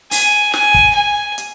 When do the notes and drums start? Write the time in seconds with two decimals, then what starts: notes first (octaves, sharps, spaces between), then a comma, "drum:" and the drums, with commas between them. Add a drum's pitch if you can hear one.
0.11 G#5, drum: open hi-hat
0.54 G#5, drum: snare
0.74 drum: kick
0.96 G#5
1.38 drum: hi-hat